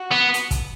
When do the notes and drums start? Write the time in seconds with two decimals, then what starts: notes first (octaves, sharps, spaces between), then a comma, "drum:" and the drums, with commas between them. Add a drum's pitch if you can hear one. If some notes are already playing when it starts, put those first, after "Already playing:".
Already playing: F#4
0.12 B3
0.34 drum: hi-hat
0.51 drum: kick, hi-hat